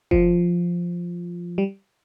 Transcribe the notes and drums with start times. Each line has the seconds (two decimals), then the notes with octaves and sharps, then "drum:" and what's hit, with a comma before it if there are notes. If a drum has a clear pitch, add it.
0.11 F3, drum: kick F#1
1.58 G3